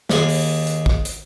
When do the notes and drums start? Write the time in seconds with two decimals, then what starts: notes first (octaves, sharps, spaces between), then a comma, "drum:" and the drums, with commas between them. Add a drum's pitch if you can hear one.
0.10 D#2 G#4, drum: snare
0.29 drum: open hi-hat
0.67 drum: hi-hat
0.86 drum: kick
1.05 drum: hi-hat